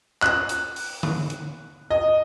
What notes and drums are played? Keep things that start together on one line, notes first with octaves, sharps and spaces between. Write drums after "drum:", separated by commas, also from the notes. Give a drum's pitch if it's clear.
F#6, drum: clap
drum: hi-hat
drum: open hi-hat
drum: tom D3
drum: hi-hat
D#5